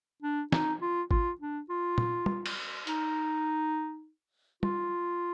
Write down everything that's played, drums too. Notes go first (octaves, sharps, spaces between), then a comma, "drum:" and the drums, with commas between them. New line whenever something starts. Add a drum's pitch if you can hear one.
D4
D#4, drum: snare
F4
F4, drum: kick G#1
D4
F4
drum: tom
drum: tom
drum: cymbal
D#4, drum: hi-hat
F4, drum: tom